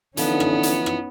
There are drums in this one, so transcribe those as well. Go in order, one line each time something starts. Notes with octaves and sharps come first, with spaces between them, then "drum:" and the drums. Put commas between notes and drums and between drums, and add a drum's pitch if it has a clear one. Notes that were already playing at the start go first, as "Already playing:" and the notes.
D3 E3 F3 B3 C#4 D#4, drum: hi-hat
drum: rim click
drum: hi-hat
drum: rim click